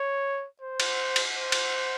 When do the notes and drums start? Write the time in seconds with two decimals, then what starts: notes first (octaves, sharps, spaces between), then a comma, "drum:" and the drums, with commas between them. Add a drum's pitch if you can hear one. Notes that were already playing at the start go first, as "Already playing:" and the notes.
Already playing: C#5
0.61 C5
0.80 drum: cymbal
1.16 drum: cymbal
1.35 C5
1.52 drum: cymbal